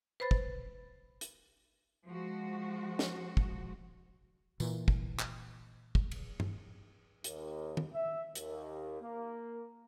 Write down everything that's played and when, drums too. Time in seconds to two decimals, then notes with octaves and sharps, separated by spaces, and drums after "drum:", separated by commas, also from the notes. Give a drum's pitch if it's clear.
0.20 B4 C5 B5 A6
0.31 drum: kick
1.21 drum: hi-hat
2.06 F3 G#3 F#4
2.99 drum: snare
3.37 drum: kick
4.60 A#2 E3, drum: tambourine
4.88 drum: kick
5.19 drum: clap
5.95 drum: kick
6.11 drum: cymbal
6.40 drum: tom G2
7.24 D#2, drum: hi-hat
7.77 drum: tom D#3
7.93 E5
8.35 D#2, drum: hi-hat
9.01 A#3